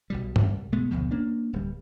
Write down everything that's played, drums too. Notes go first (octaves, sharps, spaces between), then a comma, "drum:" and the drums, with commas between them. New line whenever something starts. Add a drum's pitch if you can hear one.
B1 B2 G3
C2 G3, drum: tom G2
B2 G#3 A3 B3
F#1 D2 B2 F3
A#3 C#4 D4
D1 G3